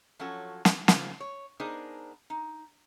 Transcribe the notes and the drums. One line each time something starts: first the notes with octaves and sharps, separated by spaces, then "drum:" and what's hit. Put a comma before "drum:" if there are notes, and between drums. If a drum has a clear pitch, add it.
F3 F#3 C#4 F#4 A4
drum: snare
C#3 F3 F#3 A#3 C4 C#4, drum: snare
C#5
B3 D4 D#4 G#4 A#4 C5
D#4